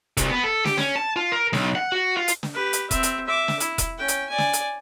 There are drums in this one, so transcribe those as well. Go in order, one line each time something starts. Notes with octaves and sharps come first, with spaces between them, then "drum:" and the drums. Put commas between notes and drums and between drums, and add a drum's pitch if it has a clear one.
C2, drum: kick E1, hi-hat
B3
A4
G4, drum: snare
C#4, drum: snare
A5
F4
A#4
B1, drum: snare
F#5
F#4
F4
drum: hi-hat
drum: snare
G4 B4
drum: hi-hat
C4 E5, drum: kick E1, hi-hat
drum: hi-hat
E5 D6
drum: snare
E4, drum: hi-hat
drum: kick E1, hi-hat
C#4 G5
drum: hi-hat
D5 G#5
drum: snare
drum: hi-hat